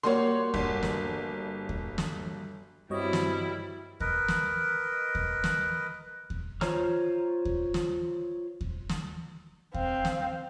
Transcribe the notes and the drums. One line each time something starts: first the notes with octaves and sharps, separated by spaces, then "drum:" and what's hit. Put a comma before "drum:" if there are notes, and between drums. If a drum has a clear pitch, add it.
G3 A#3 F#4 C#5 C6
G1, drum: kick D#2
drum: snare
drum: kick D#2
drum: snare
G2 G3 B3 C4 E4 F#4 C#5 D#5
drum: snare
A#4 B4 D#5, drum: kick D#2
drum: snare
drum: kick D#2
drum: snare
drum: kick D#2
F4 C5 C#5 A#5 F6, drum: snare
drum: kick D#2
drum: snare
drum: kick D#2
drum: snare
C4 F5, drum: kick D#2
drum: snare